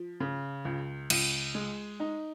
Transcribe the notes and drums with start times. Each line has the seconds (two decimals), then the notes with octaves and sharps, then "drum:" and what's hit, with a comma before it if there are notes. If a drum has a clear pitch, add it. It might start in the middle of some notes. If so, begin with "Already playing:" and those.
Already playing: F3
0.20 C#3
0.65 C#2
1.10 C#2, drum: cymbal
1.55 G#3
2.00 D#4